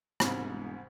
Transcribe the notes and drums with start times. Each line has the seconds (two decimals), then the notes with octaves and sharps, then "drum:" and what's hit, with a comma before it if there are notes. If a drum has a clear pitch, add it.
0.20 E1 C2 G#2, drum: rim click